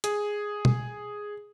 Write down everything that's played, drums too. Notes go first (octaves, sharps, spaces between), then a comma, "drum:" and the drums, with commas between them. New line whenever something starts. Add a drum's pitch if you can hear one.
G#4, drum: hi-hat
drum: tom B2